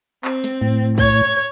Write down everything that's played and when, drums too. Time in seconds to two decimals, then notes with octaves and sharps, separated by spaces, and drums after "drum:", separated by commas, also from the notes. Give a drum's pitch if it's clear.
0.25 C4, drum: clap
0.44 drum: snare
0.61 A2
0.98 C#5 G#6, drum: kick